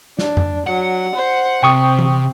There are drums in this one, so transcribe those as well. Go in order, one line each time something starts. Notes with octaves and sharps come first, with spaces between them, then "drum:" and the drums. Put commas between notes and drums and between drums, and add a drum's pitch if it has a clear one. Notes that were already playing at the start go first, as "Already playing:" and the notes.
D4, drum: snare
drum: tom F2
F#3 F#5
C5
C3 C4 G5 C#6 D#6
drum: tom E3